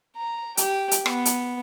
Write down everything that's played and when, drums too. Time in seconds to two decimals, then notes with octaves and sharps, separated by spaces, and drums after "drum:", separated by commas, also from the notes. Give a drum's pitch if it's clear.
0.16 A#5
0.57 G4, drum: hi-hat
0.91 drum: hi-hat
1.06 B3, drum: rim click
1.25 drum: hi-hat